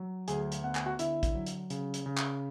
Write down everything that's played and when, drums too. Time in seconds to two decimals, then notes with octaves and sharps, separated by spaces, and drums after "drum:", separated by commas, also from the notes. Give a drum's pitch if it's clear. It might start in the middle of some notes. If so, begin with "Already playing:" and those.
Already playing: F#3
0.28 D2 G#4 G#5, drum: hi-hat
0.52 drum: hi-hat
0.64 B3 F#5
0.75 G#5, drum: clap
0.86 F#4 F#5
0.99 D3 E4 E5, drum: hi-hat
1.23 drum: kick, hi-hat
1.35 F#3
1.47 drum: hi-hat
1.70 C#3, drum: hi-hat
1.94 drum: hi-hat
2.06 C#3
2.18 drum: clap